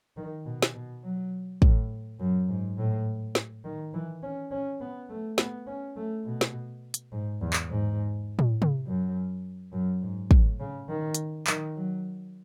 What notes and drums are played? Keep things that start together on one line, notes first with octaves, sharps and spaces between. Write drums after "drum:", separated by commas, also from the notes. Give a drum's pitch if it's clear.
D#3
B2
drum: snare
B2
F#3
A2, drum: kick
F#2
G#2
A2
drum: snare
D#3
E3
C#4
C#4
B3
A3
B3, drum: snare
C#4
A3
B2
drum: snare
drum: hi-hat
G#2
E2
drum: clap
G#2
drum: tom A2
drum: tom
F#2
F#2
G#2
A2, drum: kick
C#3
D#3
drum: hi-hat
D#3, drum: clap
F#3